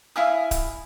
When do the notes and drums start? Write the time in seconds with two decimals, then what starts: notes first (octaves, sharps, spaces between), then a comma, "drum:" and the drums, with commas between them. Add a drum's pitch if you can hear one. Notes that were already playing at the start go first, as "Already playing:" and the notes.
0.16 E4 F5 G#5 D#6
0.51 drum: kick D1, hi-hat